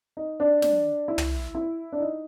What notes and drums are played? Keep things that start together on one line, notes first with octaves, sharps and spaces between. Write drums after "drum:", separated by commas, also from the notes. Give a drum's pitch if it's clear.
D#4
D4
D4, drum: snare
E4
drum: tom
E4
D4
D#4